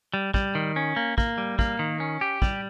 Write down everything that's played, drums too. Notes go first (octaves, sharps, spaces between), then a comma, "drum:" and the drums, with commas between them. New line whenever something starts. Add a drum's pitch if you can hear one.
G3
G3, drum: kick
D#3
C#4
A#3
A#3, drum: kick
G3
A#3, drum: kick
D#3
C#4
G4
G3, drum: kick